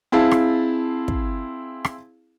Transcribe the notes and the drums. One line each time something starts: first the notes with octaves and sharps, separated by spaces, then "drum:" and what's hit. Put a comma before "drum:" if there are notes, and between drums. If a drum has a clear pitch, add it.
C4 E4 G#4 F5 A5
drum: rim click
drum: kick
drum: rim click